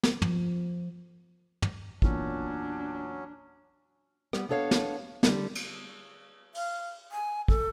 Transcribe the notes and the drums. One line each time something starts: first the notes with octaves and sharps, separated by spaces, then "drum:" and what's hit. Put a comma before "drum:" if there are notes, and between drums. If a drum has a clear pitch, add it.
drum: snare
F3, drum: tom
drum: tom
E2 A#2 F#3 C#4 D4, drum: kick
G3 B3, drum: rim click
B3 D4 A4 C#5 F5
drum: snare
D3 G3, drum: snare
drum: cymbal
F5, drum: open hi-hat
G#5
A4, drum: kick